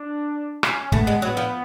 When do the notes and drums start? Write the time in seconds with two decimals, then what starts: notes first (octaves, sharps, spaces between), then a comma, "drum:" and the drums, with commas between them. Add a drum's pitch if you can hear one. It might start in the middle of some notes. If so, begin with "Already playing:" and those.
Already playing: D4
0.63 C#4, drum: rim click
0.92 A3 B3, drum: kick
1.07 G#3
1.22 F#3 B3
1.37 F3